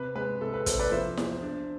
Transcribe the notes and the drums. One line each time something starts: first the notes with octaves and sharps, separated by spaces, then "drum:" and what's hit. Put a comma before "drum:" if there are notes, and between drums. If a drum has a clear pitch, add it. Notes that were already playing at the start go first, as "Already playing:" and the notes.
Already playing: C3 B4
G#3 B4
C2 A4
B4
C2 A4 C5, drum: kick, hi-hat
B4 D5
F3 C5 E5
E2, drum: snare E4
D4